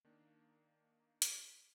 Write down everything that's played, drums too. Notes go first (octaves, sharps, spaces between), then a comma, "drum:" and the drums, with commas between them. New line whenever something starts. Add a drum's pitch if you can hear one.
D#3 A#3 D4
drum: hi-hat